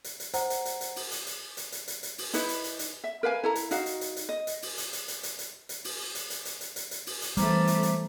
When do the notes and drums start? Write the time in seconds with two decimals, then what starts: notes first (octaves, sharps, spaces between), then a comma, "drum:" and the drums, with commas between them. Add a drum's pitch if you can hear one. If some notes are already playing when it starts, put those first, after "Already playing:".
0.04 drum: hi-hat
0.20 drum: hi-hat
0.34 C5 F#5 A#5, drum: hi-hat
0.50 drum: hi-hat
0.65 drum: hi-hat
0.81 drum: hi-hat
0.96 drum: open hi-hat
1.11 drum: hi-hat
1.27 drum: hi-hat
1.57 drum: hi-hat
1.72 drum: hi-hat
1.88 drum: hi-hat
2.03 drum: hi-hat
2.18 drum: open hi-hat
2.33 D#4 E4 B4, drum: hi-hat
2.49 drum: hi-hat
2.64 drum: hi-hat
2.79 drum: hi-hat
3.04 E5
3.23 A#4 B4 F5 G#5
3.43 E4 A4 A#5
3.55 drum: hi-hat
3.71 D#4 F#4 F5, drum: hi-hat
3.86 drum: hi-hat
4.01 drum: hi-hat
4.16 drum: hi-hat
4.29 D#5
4.47 drum: hi-hat
4.62 drum: open hi-hat
4.78 drum: hi-hat
4.93 drum: hi-hat
5.08 drum: hi-hat
5.23 drum: hi-hat
5.39 drum: hi-hat
5.69 drum: hi-hat
5.84 drum: open hi-hat
6.15 drum: hi-hat
6.30 drum: hi-hat
6.45 drum: hi-hat
6.61 drum: hi-hat
6.76 drum: hi-hat
6.91 drum: hi-hat
7.06 drum: open hi-hat
7.22 drum: hi-hat
7.37 E3 G3 A3 B3 C5 A#5 D6, drum: hi-hat
7.67 drum: hi-hat
7.83 drum: hi-hat